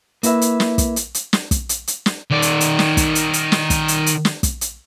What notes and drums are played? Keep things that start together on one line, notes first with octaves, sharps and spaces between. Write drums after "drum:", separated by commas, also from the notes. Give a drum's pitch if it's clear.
A#3 E4 B4 E5, drum: hi-hat
drum: hi-hat
drum: snare
drum: kick, hi-hat
drum: hi-hat
drum: hi-hat
drum: snare
drum: kick, hi-hat
drum: hi-hat
drum: hi-hat
drum: snare
D#3 D5
drum: hi-hat
drum: hi-hat
drum: snare
drum: kick, hi-hat
drum: hi-hat
drum: hi-hat
drum: snare
drum: kick, hi-hat
drum: hi-hat
drum: hi-hat
drum: snare
drum: kick, hi-hat
drum: hi-hat